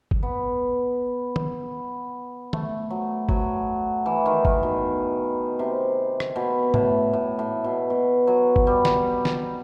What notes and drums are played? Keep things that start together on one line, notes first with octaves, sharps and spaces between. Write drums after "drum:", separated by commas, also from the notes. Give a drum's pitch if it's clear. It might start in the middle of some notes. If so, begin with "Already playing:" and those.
drum: kick G1
B3
drum: tom
A3, drum: tom
F#3
F#3, drum: kick G1
E3
D#3
D#3, drum: kick G1
B2
C3
drum: rim click
B2
A2, drum: tom G#2
A2
A2
B2
B2
F#3
drum: kick G1
G3
drum: snare
drum: snare